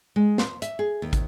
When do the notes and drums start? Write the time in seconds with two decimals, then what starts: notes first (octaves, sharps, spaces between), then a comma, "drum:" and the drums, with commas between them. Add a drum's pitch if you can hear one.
0.16 G#3
0.38 C5, drum: snare
0.62 E5, drum: hi-hat
0.79 G#4
1.02 D#2
1.13 drum: kick, hi-hat